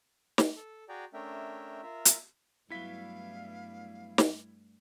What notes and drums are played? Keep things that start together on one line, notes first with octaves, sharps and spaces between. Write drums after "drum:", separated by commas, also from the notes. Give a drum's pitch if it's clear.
drum: snare
A4
F#4 G#4 D5 G5 A#5
A3 C#4 D4 A#4 E5 G5
F4 A#4 E5
drum: hi-hat
G2 F#3 G3 A3 B3 E4 F5 B6
drum: snare